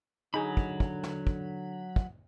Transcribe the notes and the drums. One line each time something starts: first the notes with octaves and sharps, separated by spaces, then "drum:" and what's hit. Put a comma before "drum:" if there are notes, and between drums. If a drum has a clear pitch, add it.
D3 F#3 D#4 G#4 B5
drum: kick
drum: kick
drum: snare
drum: kick
drum: kick